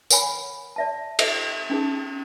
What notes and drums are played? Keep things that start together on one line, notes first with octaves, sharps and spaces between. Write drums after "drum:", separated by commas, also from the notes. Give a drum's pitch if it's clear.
A#4 C#5 F#5 G#5 B5, drum: tambourine
D5 E5 A5
A4 C5 D#5 E5, drum: cymbal
C#4 D#4 G#4